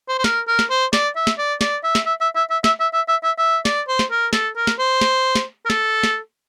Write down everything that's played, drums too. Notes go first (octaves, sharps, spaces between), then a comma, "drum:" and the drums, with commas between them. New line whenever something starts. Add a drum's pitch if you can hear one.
C5
C5
A#4, drum: snare
A#4
drum: snare
C5
D5, drum: snare
E5
drum: snare
D5
D5, drum: snare
E5
drum: snare
E5
E5
E5
E5
E5, drum: snare
E5
E5
E5
E5
E5
D5, drum: snare
C5
drum: snare
A#4
A4, drum: snare
A#4
drum: snare
C5
drum: snare
drum: snare
A#4
A4, drum: snare
drum: snare